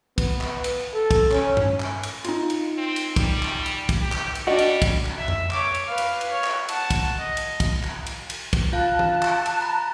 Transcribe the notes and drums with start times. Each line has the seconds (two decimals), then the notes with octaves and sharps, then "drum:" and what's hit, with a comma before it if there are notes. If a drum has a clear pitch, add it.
0.18 B3, drum: kick, cymbal
0.41 drum: clap
0.64 drum: cymbal
0.94 A4
1.11 drum: kick, cymbal
1.31 C#4, drum: clap
1.57 drum: tom G2
1.80 drum: clap
2.03 drum: cymbal
2.24 D#4 F4, drum: cymbal
2.50 drum: cymbal
2.77 C4
2.96 drum: cymbal
3.16 G3, drum: kick, cymbal
3.43 drum: clap
3.66 drum: cymbal
3.89 drum: kick, cymbal
4.02 G4
4.12 drum: clap
4.35 drum: cymbal
4.47 G3 D4 F#4 D#5
4.59 drum: cymbal
4.82 drum: kick, cymbal
5.05 drum: clap
5.17 E5
5.28 drum: tom F2
5.51 C#5 D6, drum: clap
5.74 drum: cymbal
5.87 B4 F5
5.98 drum: cymbal
6.21 drum: cymbal
6.32 C#5
6.44 drum: clap
6.69 F#5 A5, drum: cymbal
6.90 drum: kick, cymbal
7.18 D#5
7.37 drum: cymbal
7.60 drum: kick, cymbal
7.83 drum: clap
8.06 drum: cymbal
8.30 drum: cymbal
8.53 drum: kick, cymbal
8.73 F4 F5 A5 F#6
8.99 drum: tom
9.22 drum: clap
9.46 drum: cymbal
9.61 A#5 B5